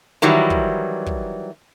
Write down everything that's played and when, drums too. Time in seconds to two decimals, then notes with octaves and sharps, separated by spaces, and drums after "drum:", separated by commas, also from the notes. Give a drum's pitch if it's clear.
0.22 D#3 E3 F#3 G3
0.50 drum: kick
1.06 drum: kick